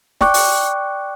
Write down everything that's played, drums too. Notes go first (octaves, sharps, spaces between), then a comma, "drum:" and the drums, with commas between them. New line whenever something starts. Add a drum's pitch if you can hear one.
D5 G5 C#6 D6 F#6, drum: snare
drum: open hi-hat